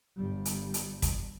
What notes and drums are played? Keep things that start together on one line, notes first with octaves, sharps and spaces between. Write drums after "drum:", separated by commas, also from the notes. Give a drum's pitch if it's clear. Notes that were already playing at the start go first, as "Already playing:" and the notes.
G1 G3
drum: hi-hat
drum: hi-hat
drum: kick, hi-hat